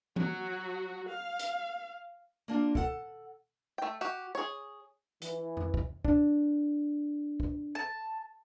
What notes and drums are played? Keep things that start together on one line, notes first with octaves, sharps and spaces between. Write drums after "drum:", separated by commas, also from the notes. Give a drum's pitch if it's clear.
F#3 F#4, drum: tom E3
F5
drum: hi-hat
A#3 D4 F4
A4 F#5, drum: kick
A3 G5
F#4 G4
G#4 C#5
E3, drum: hi-hat
drum: tom F2
drum: kick
D4, drum: kick
drum: kick
A5